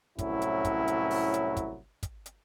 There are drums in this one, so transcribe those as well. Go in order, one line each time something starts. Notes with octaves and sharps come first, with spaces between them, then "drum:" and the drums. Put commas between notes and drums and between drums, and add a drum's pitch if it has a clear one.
C2 A2 F#3 C#4 E4, drum: kick, hi-hat
drum: hi-hat
drum: kick, hi-hat
drum: hi-hat
drum: open hi-hat
drum: hi-hat
drum: kick, hi-hat
drum: kick, hi-hat
drum: hi-hat